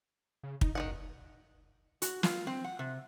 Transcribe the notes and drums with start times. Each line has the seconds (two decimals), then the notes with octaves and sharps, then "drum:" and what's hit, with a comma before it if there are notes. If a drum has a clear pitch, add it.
0.43 C#3
0.61 D#4, drum: kick
0.75 F#1 D#3 F4 F#5
2.02 F#4, drum: hi-hat
2.23 F4, drum: snare
2.47 C4
2.64 F#5
2.79 C3